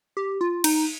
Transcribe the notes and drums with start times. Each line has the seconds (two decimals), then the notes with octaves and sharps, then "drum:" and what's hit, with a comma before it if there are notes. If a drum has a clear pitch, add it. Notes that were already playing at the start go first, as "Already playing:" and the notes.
0.17 G4
0.41 F4
0.64 D#4, drum: cymbal